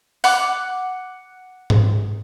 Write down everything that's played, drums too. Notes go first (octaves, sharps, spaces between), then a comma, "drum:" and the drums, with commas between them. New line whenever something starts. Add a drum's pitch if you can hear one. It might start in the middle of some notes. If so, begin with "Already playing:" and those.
F#5 D6, drum: open hi-hat
drum: tom G#2